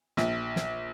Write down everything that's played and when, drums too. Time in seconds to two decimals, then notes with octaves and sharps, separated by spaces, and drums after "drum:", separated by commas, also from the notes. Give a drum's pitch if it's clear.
0.17 A#1, drum: snare
0.56 drum: snare